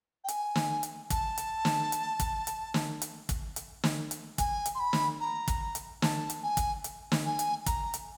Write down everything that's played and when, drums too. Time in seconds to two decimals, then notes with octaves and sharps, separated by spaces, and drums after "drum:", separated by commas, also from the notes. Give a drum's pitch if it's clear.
0.24 G5
0.28 G#5, drum: hi-hat
0.55 drum: snare
0.83 drum: hi-hat
1.10 A5, drum: kick, hi-hat
1.37 drum: hi-hat
1.65 drum: snare
1.92 drum: hi-hat
2.20 drum: kick, hi-hat
2.47 drum: hi-hat
2.74 drum: snare
3.02 drum: hi-hat
3.29 drum: kick, hi-hat
3.56 drum: hi-hat
3.84 drum: snare
4.11 drum: hi-hat
4.38 G#5, drum: kick, hi-hat
4.66 drum: hi-hat
4.75 C6
4.79 B5
4.93 drum: snare
5.20 A#5
5.48 drum: kick, hi-hat
5.75 drum: hi-hat
6.02 A5, drum: snare
6.30 drum: hi-hat
6.43 G#5
6.57 drum: kick, hi-hat
6.84 drum: hi-hat
7.12 drum: snare
7.25 G#5
7.39 drum: hi-hat
7.66 A#5, drum: kick, hi-hat
7.94 drum: hi-hat